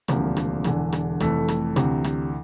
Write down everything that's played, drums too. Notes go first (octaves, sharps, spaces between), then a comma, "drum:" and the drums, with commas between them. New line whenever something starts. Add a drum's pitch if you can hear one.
E1 D2 C3 F3 A#3, drum: rim click
drum: rim click
E1 E2 D3, drum: rim click
drum: rim click
F1 F2 E3 A3, drum: rim click
drum: rim click
D2 C3 E3, drum: rim click
drum: rim click